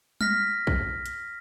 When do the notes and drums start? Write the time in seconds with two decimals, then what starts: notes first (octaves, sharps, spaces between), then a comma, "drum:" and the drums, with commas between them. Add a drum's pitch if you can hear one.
0.21 F6 A#6 B6, drum: tom G3
0.67 drum: kick
1.06 drum: hi-hat